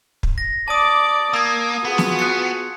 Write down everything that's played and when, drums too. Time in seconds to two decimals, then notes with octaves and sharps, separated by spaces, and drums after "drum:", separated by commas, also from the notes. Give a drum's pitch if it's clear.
0.23 drum: kick
0.38 A#6
0.68 D5 A5 D6 D#6
1.33 A#3 D#6 E6 G#6
1.85 B3 F4 F#4 G#4
1.98 drum: snare
2.19 F#6 A6 C#7